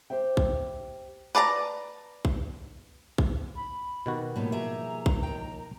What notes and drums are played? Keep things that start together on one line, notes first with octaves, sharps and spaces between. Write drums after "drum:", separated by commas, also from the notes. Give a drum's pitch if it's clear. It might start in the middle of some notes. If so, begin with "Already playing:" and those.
G4 C5 E5 G5
drum: kick A#1
B4 D5 A5 A#5
drum: kick A#1
drum: kick A#1
B5
B2 D#3 F#4 G4
A2 F3 G3 A#3 B3 C#5
G4 G#4 E5 A#5
drum: kick A#1
D#2 G5